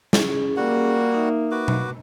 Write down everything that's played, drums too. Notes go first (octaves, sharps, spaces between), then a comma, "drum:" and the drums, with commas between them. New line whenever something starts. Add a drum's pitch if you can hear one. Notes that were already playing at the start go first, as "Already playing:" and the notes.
C#4 G#4, drum: snare
G3 A#3 F#4 F#5
D#4 E5
F#4 B4 D6
drum: tom B2